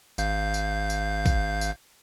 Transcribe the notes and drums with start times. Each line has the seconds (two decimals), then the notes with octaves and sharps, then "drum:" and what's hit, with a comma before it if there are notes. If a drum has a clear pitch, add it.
0.18 G#1 F5 G6, drum: tambourine
0.54 drum: tambourine
0.90 drum: tambourine
1.26 drum: kick, tambourine
1.61 drum: tambourine